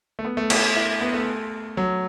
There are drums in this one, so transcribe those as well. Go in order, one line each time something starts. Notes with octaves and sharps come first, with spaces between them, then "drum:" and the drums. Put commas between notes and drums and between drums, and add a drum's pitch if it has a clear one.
A3
B3
A3
A3, drum: cymbal
E4
B3
A3
F#3